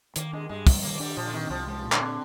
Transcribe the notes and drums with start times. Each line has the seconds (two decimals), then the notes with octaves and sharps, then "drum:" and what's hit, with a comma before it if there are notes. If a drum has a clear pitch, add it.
0.16 D#3 A#3, drum: hi-hat
0.33 G#3 D4
0.49 G2 G#3
0.67 G3, drum: kick, open hi-hat
0.83 D#3 A#3
1.00 G3 D4
1.16 A#2 F3
1.25 D3
1.33 D#3 C4
1.50 C2 F3
1.67 F3 G#3
1.84 A#2
1.92 D3, drum: clap
2.01 C4